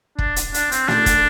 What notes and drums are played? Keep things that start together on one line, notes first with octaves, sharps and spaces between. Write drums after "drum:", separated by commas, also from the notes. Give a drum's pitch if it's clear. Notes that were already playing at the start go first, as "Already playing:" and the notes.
D4, drum: kick
drum: hi-hat
D4, drum: hi-hat
C4, drum: hi-hat
D4, drum: snare
drum: kick, hi-hat